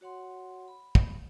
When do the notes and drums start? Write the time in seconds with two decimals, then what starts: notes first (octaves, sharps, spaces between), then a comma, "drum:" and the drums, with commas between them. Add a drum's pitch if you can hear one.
0.01 F#4 C#5 F#5 C6
0.68 B5
0.95 drum: kick